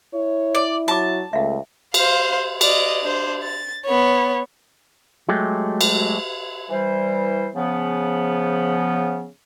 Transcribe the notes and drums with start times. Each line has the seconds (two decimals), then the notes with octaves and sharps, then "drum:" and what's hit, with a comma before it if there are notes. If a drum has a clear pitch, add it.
0.13 E4 C#5
0.55 D5
0.88 F#3 F4 A5 D6
1.33 C#2 A3 E5 F5
1.94 C5 F5, drum: cymbal
2.61 D5 D#5, drum: cymbal
3.03 D4 C5
3.43 A6
3.85 B3 C#5
5.29 F#3 G#3 A3 G4
5.81 drum: cymbal
6.70 E3 G3 C5
7.55 C#3 F3 B3